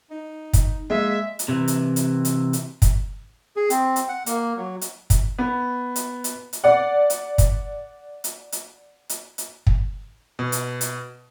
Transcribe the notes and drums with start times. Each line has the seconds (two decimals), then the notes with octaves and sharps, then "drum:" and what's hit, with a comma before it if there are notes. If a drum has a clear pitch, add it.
0.11 D#4
0.53 drum: kick, hi-hat
0.90 G#3 A#3 E5
1.39 drum: hi-hat
1.48 C3 E3
1.68 drum: hi-hat
1.96 drum: hi-hat
2.25 drum: hi-hat
2.53 drum: hi-hat
2.82 drum: kick, hi-hat
3.56 G#4
3.70 C4, drum: hi-hat
3.96 drum: hi-hat
4.09 F#5
4.26 A#3, drum: hi-hat
4.56 F#3
4.81 drum: hi-hat
5.10 drum: kick, hi-hat
5.39 B3
5.96 drum: hi-hat
6.24 drum: hi-hat
6.53 drum: hi-hat
6.64 D5 F#5
7.10 drum: hi-hat
7.38 drum: kick, hi-hat
8.24 drum: hi-hat
8.52 drum: hi-hat
9.09 drum: hi-hat
9.38 drum: hi-hat
9.67 drum: kick
10.39 B2
10.52 drum: hi-hat
10.81 drum: hi-hat